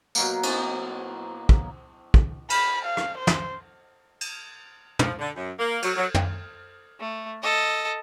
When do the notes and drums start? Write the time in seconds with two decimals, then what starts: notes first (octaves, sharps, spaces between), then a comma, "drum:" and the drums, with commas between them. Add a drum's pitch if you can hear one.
0.15 B2 F#3 A#3, drum: tambourine
0.43 drum: cymbal
1.49 drum: kick
2.14 drum: kick
2.50 B5, drum: cymbal
2.85 F5
2.97 drum: rim click
3.18 C5
3.27 drum: snare
4.21 drum: cymbal
4.99 F3, drum: tom
5.19 D3
5.35 F#2
5.58 A#3
5.82 F#3, drum: cymbal
5.95 F#3
6.14 drum: tom
7.00 A3
7.43 A4 D#5